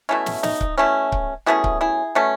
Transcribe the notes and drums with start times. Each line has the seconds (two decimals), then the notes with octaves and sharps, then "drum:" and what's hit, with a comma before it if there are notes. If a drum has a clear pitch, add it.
0.09 B2 A3 C#4 E4
0.26 drum: snare
0.43 D#4, drum: snare
0.61 drum: kick C#1
0.78 B2 A3 C#4 E4
1.12 drum: kick C#1
1.46 B2 A3 C#4 E4 G#4
1.64 drum: kick C#1
1.81 E4 G#4
2.15 B2 A3 C#4